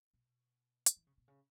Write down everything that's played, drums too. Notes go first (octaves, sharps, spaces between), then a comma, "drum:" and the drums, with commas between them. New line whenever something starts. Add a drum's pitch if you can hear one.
B2
drum: hi-hat
E3
C#3
B2
C#3